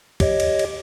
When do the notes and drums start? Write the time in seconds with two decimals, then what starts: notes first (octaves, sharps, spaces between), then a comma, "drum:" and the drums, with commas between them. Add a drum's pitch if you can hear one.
0.20 G4 C#5 D#5, drum: kick, cymbal
0.40 drum: cymbal
0.59 drum: cymbal